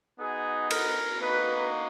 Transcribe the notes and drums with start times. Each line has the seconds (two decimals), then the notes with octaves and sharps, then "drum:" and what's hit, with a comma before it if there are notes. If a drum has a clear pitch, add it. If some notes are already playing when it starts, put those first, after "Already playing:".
0.20 B3 D#4 F#4 G#4
0.71 A#4, drum: cymbal
1.21 A#3 D#4 F#4 B4